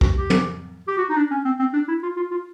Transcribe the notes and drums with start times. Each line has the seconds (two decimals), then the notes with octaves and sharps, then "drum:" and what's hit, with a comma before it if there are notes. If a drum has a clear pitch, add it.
0.01 F#4, drum: kick
0.16 G4
0.30 drum: tom
0.88 G4
0.97 F#4
1.09 D#4
1.16 D4
1.31 C#4
1.45 C4
1.59 C4
1.73 D4
1.88 E4
2.03 F4
2.16 F4
2.31 F4